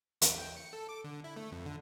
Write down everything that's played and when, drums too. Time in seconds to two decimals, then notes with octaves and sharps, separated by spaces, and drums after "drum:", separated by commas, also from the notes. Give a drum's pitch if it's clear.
0.22 E2, drum: hi-hat
0.38 G5
0.57 C#7
0.73 A4
0.89 D6
1.04 D3
1.24 E4
1.36 A3
1.52 F2
1.66 D3